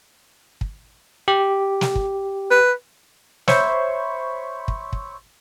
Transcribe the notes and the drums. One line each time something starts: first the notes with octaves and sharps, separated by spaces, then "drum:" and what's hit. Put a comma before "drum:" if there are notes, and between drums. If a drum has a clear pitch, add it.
drum: kick
G4
drum: snare
drum: kick
B4
C5 C#5 E5 B5 C#6, drum: snare
drum: kick
drum: kick